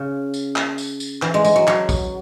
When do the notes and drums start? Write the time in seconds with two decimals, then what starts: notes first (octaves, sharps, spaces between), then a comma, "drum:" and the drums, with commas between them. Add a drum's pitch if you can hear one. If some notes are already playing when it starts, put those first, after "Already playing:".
Already playing: C#3
0.34 drum: tambourine
0.56 drum: clap
0.78 drum: tambourine
1.00 drum: tambourine
1.22 E3, drum: clap
1.34 G#3
1.45 G#3, drum: tambourine
1.56 F#3
1.67 F#3, drum: clap
1.89 drum: kick A#1, tambourine